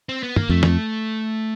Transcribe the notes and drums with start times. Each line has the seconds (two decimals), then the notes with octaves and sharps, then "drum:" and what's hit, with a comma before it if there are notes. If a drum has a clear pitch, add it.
0.09 C4
0.23 B3
0.36 A#3, drum: tom
0.49 F2 A3
0.63 drum: snare